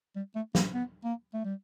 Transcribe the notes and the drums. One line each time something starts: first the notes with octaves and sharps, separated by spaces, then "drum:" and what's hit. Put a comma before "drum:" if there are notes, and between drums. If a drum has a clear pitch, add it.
G3
A3
A#3, drum: snare
B3
A#3
A3
G3